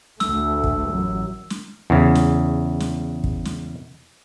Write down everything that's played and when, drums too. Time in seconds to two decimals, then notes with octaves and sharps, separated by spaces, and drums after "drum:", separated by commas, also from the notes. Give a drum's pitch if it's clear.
0.20 D2 A3 E6, drum: snare
0.64 drum: kick
0.91 A1 F#2 F#3
1.50 drum: snare
1.90 E2 C#3
2.15 drum: snare
2.80 drum: snare
3.24 drum: kick
3.45 drum: snare